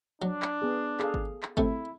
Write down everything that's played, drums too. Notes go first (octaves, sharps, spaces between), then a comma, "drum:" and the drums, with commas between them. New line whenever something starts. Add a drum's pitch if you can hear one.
F#3 D4
drum: clap
B3 G#4
G#4 A4 F5, drum: clap
drum: kick G#1
drum: clap
C3 A3 E4, drum: kick G#1